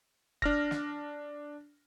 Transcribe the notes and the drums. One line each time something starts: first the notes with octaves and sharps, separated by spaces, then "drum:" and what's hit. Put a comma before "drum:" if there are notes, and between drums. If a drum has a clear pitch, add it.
D4 F6 A#6, drum: kick
drum: snare